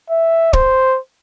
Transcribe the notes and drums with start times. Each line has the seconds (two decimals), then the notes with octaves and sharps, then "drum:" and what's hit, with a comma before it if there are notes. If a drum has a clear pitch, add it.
0.10 E5
0.53 C5, drum: kick